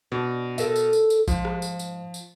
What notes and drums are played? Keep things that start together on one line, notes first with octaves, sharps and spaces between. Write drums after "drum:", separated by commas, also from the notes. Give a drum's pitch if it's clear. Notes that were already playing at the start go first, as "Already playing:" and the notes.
B2 D4
A4 A#4 E5, drum: tambourine
drum: tambourine
drum: tambourine
drum: tambourine
G#2 F3, drum: kick A#1, tambourine
drum: rim click
drum: tambourine
drum: tambourine
drum: tambourine